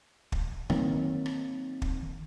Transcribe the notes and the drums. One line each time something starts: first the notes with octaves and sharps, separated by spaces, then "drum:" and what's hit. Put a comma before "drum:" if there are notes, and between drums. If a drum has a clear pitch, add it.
drum: kick
D#3 F#3 A#3 C4, drum: rim click
drum: rim click
drum: kick